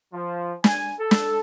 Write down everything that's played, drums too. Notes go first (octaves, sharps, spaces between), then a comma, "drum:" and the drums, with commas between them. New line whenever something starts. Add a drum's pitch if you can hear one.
F3
G#5, drum: snare
A4
drum: snare